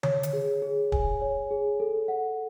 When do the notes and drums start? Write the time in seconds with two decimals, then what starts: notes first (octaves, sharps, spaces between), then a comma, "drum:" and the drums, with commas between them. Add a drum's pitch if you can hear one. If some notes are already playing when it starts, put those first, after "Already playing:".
0.03 C#5, drum: tom D3
0.23 drum: hi-hat
0.33 G#4
0.62 G#4
0.92 G#5, drum: kick
1.21 C#5
1.51 G#4
1.80 A4
2.08 F#5